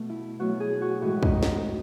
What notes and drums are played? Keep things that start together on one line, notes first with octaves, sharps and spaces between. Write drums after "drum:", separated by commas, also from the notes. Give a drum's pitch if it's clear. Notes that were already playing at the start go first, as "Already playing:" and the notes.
Already playing: B2 A3
E4
B2 F#3 A3 F#4
G#4
F#4
A2 E3 G#3 F#4
D#4, drum: kick
drum: snare